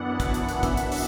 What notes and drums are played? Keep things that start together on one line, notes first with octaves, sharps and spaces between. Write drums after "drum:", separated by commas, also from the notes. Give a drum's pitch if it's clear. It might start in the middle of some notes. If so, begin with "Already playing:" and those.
Already playing: F#2 E3 B3 D4 F#5
drum: kick, hi-hat
drum: hi-hat
E5, drum: hi-hat
drum: kick, hi-hat
drum: hi-hat
drum: open hi-hat